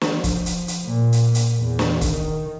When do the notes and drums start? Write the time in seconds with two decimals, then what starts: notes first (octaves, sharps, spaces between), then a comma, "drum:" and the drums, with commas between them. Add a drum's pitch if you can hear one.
0.01 drum: snare
0.14 F3
0.24 drum: kick, hi-hat
0.46 drum: hi-hat
0.68 drum: hi-hat
0.86 A#2
1.12 drum: hi-hat
1.35 drum: hi-hat
1.60 E2
1.79 drum: snare
2.01 D#3, drum: kick, hi-hat